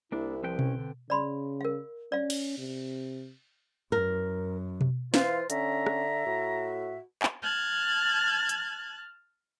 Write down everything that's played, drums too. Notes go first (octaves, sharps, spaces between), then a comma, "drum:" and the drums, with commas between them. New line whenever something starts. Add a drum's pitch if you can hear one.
C2 A#3 D4 E4
F3 C4 B4 G5
C#4, drum: tom B2
D3
C#3 D5 B5 C6
A#4 F5
C#4 D5 F5
drum: cymbal
C3
F#2 A#4
drum: tom B2
E3 F4 C5 F5, drum: snare
D3 C#4 E5 A#5, drum: hi-hat
drum: rim click
A2 F#4
drum: clap
A5 F6 F#6 G#6
drum: hi-hat